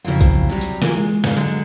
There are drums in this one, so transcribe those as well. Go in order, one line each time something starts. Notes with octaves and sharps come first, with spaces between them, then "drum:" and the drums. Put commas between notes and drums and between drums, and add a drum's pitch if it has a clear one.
F2 C#3 F#3 E4 F4
drum: kick, hi-hat
C3 F#3 G3
drum: hi-hat
E3 F#3 A#3 F4, drum: snare
G#3
G#2 C#3 D4 F5, drum: snare
D3 F#3 G#3